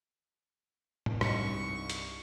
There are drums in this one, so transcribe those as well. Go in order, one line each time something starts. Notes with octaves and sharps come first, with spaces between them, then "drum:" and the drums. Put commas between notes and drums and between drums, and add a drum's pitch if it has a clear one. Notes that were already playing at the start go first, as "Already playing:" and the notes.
drum: tom A2
C2 G2 D#4 C#6, drum: rim click
drum: hi-hat